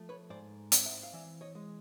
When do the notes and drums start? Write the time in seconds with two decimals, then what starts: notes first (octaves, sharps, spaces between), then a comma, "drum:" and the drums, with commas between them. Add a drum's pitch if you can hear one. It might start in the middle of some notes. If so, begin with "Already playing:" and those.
Already playing: F3 A3
0.09 B4 C#5
0.30 G#2 C5 D5
0.72 C4, drum: hi-hat
0.86 E5 F#5
1.03 F5
1.13 E3 D5 E5
1.41 C#5 D#5
1.55 G#3